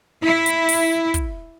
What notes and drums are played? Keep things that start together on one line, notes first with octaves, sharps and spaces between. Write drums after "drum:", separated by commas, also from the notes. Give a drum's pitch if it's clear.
E4
drum: hi-hat
drum: open hi-hat
drum: kick, hi-hat